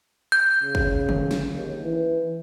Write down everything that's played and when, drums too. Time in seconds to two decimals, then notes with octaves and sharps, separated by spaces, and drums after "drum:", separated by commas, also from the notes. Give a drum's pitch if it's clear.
0.32 G6
0.63 C#3
0.75 drum: kick
1.09 drum: tom D3
1.31 drum: snare
1.53 D#2
1.83 E3